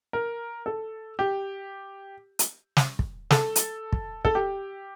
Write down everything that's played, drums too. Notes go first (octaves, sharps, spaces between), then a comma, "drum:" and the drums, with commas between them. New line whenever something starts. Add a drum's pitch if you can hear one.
A#4
A4
G4
drum: hi-hat
drum: snare
drum: kick
A4, drum: snare
drum: hi-hat
drum: kick
A4, drum: kick
G4